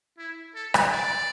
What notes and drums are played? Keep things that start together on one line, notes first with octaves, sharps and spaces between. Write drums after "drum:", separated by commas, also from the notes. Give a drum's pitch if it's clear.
E4
A4
drum: rim click
D5